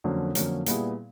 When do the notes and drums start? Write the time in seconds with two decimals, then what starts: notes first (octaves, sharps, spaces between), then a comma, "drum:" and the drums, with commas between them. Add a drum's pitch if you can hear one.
0.04 F2 D3 F#3 A#3 C#4
0.35 F2 D3 F#3 A#3 C#4, drum: hi-hat
0.66 A#2 G3 B3 E4 G#4, drum: hi-hat